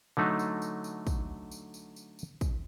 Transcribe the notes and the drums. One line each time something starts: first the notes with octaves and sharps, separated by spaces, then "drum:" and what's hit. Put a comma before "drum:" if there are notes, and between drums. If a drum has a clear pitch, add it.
D3 F#3 A3 D#4
drum: tambourine
drum: tambourine
drum: tambourine
drum: kick, tambourine
drum: tambourine
drum: tambourine
drum: tambourine
drum: tambourine
drum: kick, tambourine